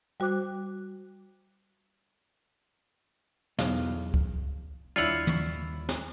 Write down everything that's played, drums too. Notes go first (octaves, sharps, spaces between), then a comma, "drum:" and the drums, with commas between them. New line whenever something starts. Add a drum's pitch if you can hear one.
G3 F#4 C5 D6 F#6
B1 E2 F5, drum: snare
drum: kick C#2
D#2 D#3 G3 D4 E4 F4 C#5 F#5
drum: tom
drum: snare